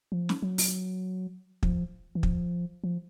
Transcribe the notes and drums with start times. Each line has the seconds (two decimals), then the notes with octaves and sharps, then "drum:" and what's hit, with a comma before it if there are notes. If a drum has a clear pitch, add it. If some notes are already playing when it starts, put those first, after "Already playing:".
0.12 F3
0.29 drum: snare
0.42 F#3
0.58 drum: open hi-hat
1.63 F3, drum: kick
2.15 E3
2.23 F3, drum: kick
2.84 F3